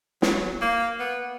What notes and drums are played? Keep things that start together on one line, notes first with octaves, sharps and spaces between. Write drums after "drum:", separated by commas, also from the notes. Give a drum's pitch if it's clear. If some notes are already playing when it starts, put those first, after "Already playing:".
F#3, drum: snare
A#3
B3